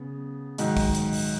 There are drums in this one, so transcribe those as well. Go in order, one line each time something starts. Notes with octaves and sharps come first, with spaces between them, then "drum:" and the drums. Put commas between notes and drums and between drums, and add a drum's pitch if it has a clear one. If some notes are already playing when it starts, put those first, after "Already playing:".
Already playing: C#3 B3
G#2 D#3 F#3 D#4, drum: hi-hat
drum: kick, open hi-hat
drum: hi-hat
drum: open hi-hat